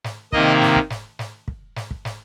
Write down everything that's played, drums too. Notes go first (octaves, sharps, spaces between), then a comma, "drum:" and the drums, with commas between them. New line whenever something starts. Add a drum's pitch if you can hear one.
drum: snare
C3 D#3 A#3 D#5, drum: kick
drum: snare
drum: kick
drum: snare
drum: snare
drum: kick
drum: snare
drum: kick
drum: snare